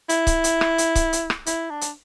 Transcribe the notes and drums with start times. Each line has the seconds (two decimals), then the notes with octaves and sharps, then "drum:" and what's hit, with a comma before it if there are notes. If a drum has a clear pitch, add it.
0.09 E4, drum: hi-hat
0.27 drum: kick C#1, hi-hat
0.44 drum: hi-hat
0.61 drum: rim click
0.78 drum: hi-hat
0.95 drum: kick C#1, hi-hat
1.13 drum: hi-hat
1.30 drum: rim click
1.46 E4, drum: hi-hat
1.70 D4
1.81 drum: hi-hat